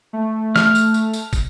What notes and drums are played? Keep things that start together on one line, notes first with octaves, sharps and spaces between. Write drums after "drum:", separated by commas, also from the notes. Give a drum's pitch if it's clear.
A3
F6, drum: snare
drum: tambourine
drum: tambourine
drum: tambourine
drum: kick, tambourine